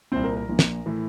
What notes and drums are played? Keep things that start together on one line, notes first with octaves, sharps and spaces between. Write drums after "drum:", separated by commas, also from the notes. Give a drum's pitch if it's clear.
C2 A#2 C4 C5
A#4
A#4
A#1 A#2
drum: snare
A2 E3